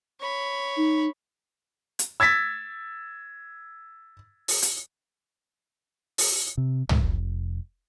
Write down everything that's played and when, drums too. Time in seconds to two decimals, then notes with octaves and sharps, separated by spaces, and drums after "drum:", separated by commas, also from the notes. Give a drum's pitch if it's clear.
0.20 C#5 B5
0.77 D#4
1.99 drum: hi-hat
2.20 E6 G#6 A6 B6
4.48 drum: open hi-hat
4.62 drum: hi-hat
6.18 drum: open hi-hat
6.57 C3
6.89 G#2, drum: tom
7.02 F1